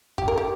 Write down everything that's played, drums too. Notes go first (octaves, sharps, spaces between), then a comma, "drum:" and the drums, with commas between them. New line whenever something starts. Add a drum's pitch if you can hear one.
G4, drum: kick
A#4
G4